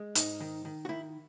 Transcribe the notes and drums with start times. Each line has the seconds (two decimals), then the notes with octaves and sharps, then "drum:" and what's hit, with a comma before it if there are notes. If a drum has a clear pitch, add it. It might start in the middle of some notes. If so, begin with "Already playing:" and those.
Already playing: G#3
0.15 G#2 D#4, drum: hi-hat
0.40 D#3
0.65 D#3
0.85 F#4
0.89 D#3 E4